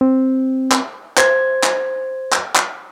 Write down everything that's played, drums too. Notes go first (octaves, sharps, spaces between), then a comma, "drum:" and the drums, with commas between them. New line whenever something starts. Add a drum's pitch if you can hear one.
C4
drum: clap
C5 G#6, drum: clap
drum: clap
drum: clap
drum: clap